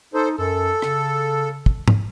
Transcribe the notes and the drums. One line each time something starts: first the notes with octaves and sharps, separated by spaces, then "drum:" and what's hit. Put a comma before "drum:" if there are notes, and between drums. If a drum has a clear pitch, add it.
D#4 A4 C5
F#2 A4
C#3, drum: rim click
drum: kick
drum: tom G#2